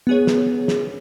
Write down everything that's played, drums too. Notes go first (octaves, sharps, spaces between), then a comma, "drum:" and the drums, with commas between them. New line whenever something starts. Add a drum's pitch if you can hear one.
B3 G#4 C#5
drum: snare
drum: snare